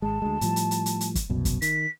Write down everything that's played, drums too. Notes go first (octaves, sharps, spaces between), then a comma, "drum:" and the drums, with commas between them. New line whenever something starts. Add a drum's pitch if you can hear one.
G#1 G#3 A5
D2 G#3
A2 F3 G3, drum: hi-hat
drum: hi-hat
drum: hi-hat
drum: hi-hat
drum: hi-hat
drum: kick, hi-hat
C2 F#2 B2
drum: kick, hi-hat
D#3 B6, drum: hi-hat